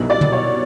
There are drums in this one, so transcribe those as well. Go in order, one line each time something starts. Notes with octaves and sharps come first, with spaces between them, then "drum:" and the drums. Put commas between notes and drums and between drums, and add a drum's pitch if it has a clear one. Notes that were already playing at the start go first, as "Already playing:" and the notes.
Already playing: C2 B2 F#3 B3 D#4
D5
drum: tom
C#5